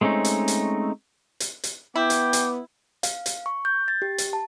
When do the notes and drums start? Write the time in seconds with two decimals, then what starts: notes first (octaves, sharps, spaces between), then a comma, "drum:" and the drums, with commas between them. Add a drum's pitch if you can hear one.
0.01 G#3 A3 C4 C#4 D#4
0.25 drum: hi-hat
0.48 drum: hi-hat
1.40 drum: hi-hat
1.64 drum: hi-hat
1.96 B3 E4 G5 D6
2.10 drum: hi-hat
2.33 drum: hi-hat
3.03 F5, drum: hi-hat
3.26 drum: hi-hat
3.46 C#6
3.65 G6
3.88 A6
4.02 G4
4.18 drum: hi-hat
4.33 A5